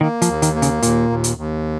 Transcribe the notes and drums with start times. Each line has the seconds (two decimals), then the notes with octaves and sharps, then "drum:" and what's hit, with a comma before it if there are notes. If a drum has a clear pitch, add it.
0.01 D#3 A#3
0.22 F3, drum: hi-hat
0.28 D#2
0.42 D#3, drum: hi-hat
0.56 A#3
0.62 C#3, drum: hi-hat
0.82 D#2 A#2, drum: hi-hat
1.10 D#2
1.24 drum: hi-hat
1.37 D#2